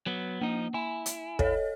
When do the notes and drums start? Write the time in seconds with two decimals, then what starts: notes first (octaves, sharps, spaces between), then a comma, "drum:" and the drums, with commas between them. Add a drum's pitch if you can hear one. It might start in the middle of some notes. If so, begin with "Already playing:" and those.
0.06 F#3 B3
0.42 F3 A#3 D#4
0.74 E4 G#5
1.06 drum: hi-hat
1.39 A4 C#5 D#5, drum: kick